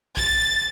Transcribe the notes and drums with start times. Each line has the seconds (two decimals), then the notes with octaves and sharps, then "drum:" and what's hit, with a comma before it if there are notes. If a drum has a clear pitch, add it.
0.17 A6, drum: kick